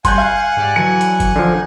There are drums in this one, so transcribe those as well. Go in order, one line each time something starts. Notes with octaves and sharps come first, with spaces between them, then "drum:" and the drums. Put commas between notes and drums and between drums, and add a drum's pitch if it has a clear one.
G3 F#4 F#5 G#5 C6 F#6 G6, drum: kick F#1, hi-hat
F5 G#6
C#7
G#2 G4 D5
D3 E3 F#3 C#7
drum: hi-hat
drum: kick F#1, hi-hat
D3 F3 D#4